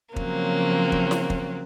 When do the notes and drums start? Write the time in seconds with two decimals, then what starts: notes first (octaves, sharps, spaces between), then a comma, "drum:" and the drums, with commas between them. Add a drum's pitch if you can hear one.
0.16 C#3 F3 F#3 A#3 C4, drum: kick
0.92 drum: kick
1.11 drum: snare
1.30 drum: kick